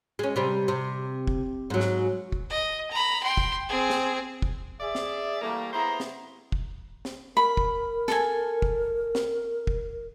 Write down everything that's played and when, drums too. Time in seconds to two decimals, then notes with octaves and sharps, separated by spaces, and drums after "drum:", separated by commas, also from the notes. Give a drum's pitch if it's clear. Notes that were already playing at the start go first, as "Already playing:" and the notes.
0.19 G#3 C#4
0.36 C3 G3 C4
0.68 C3
1.27 drum: kick
1.70 G#2 F#3
1.80 drum: snare
2.32 drum: kick
2.50 D#5
2.91 A#5 B5
3.23 G5 C6
3.37 drum: kick
3.69 C4 G#4
3.90 drum: snare
4.42 drum: kick
4.80 G#4 D5 E5
4.95 drum: snare
5.41 E3 G3 A3 A#3
5.73 B3 E4 G#4 C5 A#5
6.00 drum: snare
6.52 drum: kick
7.05 drum: snare
7.37 A#4 B5
7.57 drum: kick
8.08 A4 G#5, drum: snare
8.62 drum: kick
9.15 drum: snare
9.67 drum: kick